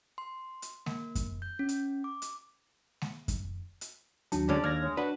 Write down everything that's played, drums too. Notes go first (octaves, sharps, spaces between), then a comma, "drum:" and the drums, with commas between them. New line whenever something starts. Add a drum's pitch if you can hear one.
C6
drum: hi-hat
A#3, drum: snare G#3
drum: kick F#2, hi-hat
G6
C#4
drum: hi-hat
D6
drum: hi-hat
drum: snare G#3
drum: kick F#2, hi-hat
drum: hi-hat
D#2 F#3 D4 A5, drum: hi-hat
D3 G#3 C#4 D5
D#2 F6 G#6 A#6
G#3 C#5
D4 F#4 B4